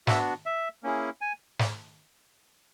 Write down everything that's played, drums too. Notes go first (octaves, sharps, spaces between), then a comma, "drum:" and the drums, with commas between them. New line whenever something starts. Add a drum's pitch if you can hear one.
B3 D4 F#4 E5, drum: snare
E5
A#3 C#4 E4 G#4
G#5
drum: snare